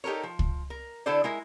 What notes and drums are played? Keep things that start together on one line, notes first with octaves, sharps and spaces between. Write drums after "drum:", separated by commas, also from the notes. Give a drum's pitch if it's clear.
D#4 G4 A4 A#4 C#5
F3
drum: kick
A#4
D3 D4 E4 A4 C5 D5
G#3 E4 A#4